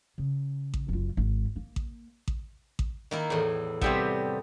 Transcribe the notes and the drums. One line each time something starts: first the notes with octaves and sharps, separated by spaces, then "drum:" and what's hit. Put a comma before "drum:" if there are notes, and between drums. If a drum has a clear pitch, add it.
C#3
drum: kick A1
F#1 F4
G#1
A#3
drum: kick A1
drum: kick A1
drum: kick A1
D#3 A#3 E4
E2 A2
C3 G3 B3 E5 G5, drum: kick A1